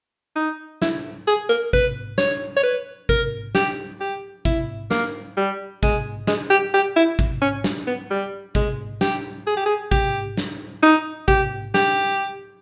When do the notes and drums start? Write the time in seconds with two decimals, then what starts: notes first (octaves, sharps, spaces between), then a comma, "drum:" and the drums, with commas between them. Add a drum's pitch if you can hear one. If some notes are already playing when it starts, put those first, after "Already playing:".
0.36 D#4
0.82 E4, drum: snare
1.27 G#4
1.49 A#4
1.73 B4, drum: kick A1
2.18 C#5, drum: snare
2.56 C#5
2.63 B4
3.09 A#4, drum: kick A1
3.55 G4, drum: snare
4.00 G4
4.45 E4, drum: kick A1
4.91 A#3, drum: snare
5.37 G3
5.83 G#3, drum: kick A1
6.27 G#3, drum: snare
6.50 G4
6.74 G4
6.96 E4
7.19 drum: kick A1
7.42 C#4
7.64 drum: snare
7.87 B3
8.10 G3
8.55 G#3, drum: kick A1
9.01 G4, drum: snare
9.47 G#4
9.57 G4
9.66 G#4
9.92 G4, drum: kick A1
10.37 drum: snare
10.83 D#4
11.28 G4, drum: kick A1
11.74 G4, drum: snare